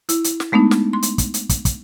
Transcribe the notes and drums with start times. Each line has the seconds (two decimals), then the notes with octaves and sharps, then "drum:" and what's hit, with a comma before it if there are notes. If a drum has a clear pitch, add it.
0.09 E4, drum: hi-hat
0.24 drum: hi-hat
0.40 drum: snare
0.52 G#3 A3 B3 D4 D#4
0.71 drum: snare
0.93 C6
1.03 drum: hi-hat
1.18 drum: kick, hi-hat
1.34 drum: hi-hat
1.49 drum: kick, hi-hat
1.65 drum: kick, hi-hat